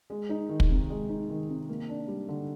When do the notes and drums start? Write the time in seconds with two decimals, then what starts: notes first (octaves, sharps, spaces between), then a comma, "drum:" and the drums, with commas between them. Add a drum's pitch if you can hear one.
0.10 G#3
0.29 D#4
0.49 D#3
0.60 drum: kick
0.70 C3
0.90 G#3
1.09 D#4
1.29 D#3
1.49 C3
1.69 A#3
1.89 D4
2.08 G3
2.28 D3